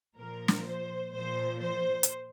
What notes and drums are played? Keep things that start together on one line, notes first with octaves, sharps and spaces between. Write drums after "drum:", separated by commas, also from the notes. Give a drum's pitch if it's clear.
A#2 F3 A#4
drum: snare
C5
A#2 F3 C5
C5
drum: hi-hat